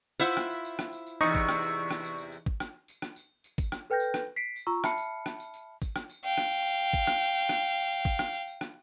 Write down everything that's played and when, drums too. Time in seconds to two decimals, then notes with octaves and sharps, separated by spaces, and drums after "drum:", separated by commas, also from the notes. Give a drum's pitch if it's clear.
0.20 E4 F4 C5 E5 F#5
0.37 drum: rim click
0.51 drum: tambourine
0.65 drum: tambourine
0.79 drum: rim click
0.93 drum: tambourine
1.07 drum: tambourine
1.21 E2 G2 C3 D#4 C#6, drum: tambourine
1.35 drum: kick
1.49 drum: rim click
1.63 drum: tambourine
1.91 drum: rim click
2.04 drum: tambourine
2.18 drum: tambourine
2.32 drum: tambourine
2.46 drum: kick
2.60 drum: rim click
2.88 drum: tambourine
3.02 drum: rim click
3.16 drum: tambourine
3.44 drum: tambourine
3.58 drum: kick, tambourine
3.72 drum: rim click
3.90 A4 B4 G5 F6 G6 A#6
4.00 drum: tambourine
4.14 drum: rim click
4.36 B6 C7 D7
4.56 drum: tambourine
4.67 F4 A#5 C#6 E6
4.84 E5 A5 B5 F6 C7 C#7, drum: rim click
4.98 drum: tambourine
5.26 drum: rim click
5.40 drum: tambourine
5.54 drum: tambourine
5.82 drum: kick, tambourine
5.96 drum: rim click
6.10 drum: tambourine
6.25 F5 G5, drum: tambourine
6.38 drum: rim click
6.52 drum: tambourine
6.65 drum: tambourine
6.79 drum: tambourine
6.93 drum: kick, tambourine
7.07 drum: rim click
7.21 drum: tambourine
7.35 drum: tambourine
7.49 drum: rim click
7.63 drum: tambourine
7.77 drum: tambourine
7.91 drum: tambourine
8.05 drum: kick, tambourine
8.19 drum: rim click
8.33 drum: tambourine
8.47 drum: tambourine
8.61 drum: rim click